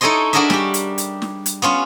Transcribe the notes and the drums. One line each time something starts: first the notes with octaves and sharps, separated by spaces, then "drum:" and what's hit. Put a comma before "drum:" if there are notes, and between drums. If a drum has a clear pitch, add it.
D#4 E4 A4 C#5 D#5 C6
D4 F#4 G#4 A#4 D#5 E5
G3 G4, drum: snare
drum: hi-hat
drum: hi-hat
drum: snare
drum: hi-hat
B3 C#4 F4